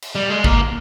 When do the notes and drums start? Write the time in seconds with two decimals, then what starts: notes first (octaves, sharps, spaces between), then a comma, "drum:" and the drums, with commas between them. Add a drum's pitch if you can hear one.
0.02 drum: cymbal
0.15 G3
0.30 G#3
0.44 A#3, drum: kick G1